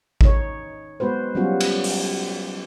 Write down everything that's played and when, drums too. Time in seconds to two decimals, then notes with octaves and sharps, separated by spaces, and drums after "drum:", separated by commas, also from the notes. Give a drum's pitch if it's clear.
0.21 D#4 C#5, drum: kick A1
1.00 G#3 B3 F#4 B4 C5
1.35 F#3 G3 B3 C#4 F4 F#4
1.61 drum: cymbal
1.84 drum: open hi-hat